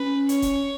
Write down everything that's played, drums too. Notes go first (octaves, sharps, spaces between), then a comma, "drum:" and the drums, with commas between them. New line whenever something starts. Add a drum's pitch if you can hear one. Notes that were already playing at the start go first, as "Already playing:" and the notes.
Already playing: C#4 B4
C#5, drum: hi-hat
drum: kick E1, hi-hat